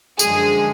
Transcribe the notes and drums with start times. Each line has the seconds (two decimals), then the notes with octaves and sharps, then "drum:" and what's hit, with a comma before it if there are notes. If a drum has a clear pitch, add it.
0.19 F#2 D3 F3 G#3 G#4, drum: tambourine